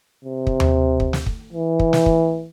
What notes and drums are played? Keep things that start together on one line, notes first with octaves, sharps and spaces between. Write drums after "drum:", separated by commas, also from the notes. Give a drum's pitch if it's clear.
C3
drum: kick
drum: tom D#2
drum: kick
drum: snare
drum: kick
E3
drum: kick
drum: snare
drum: kick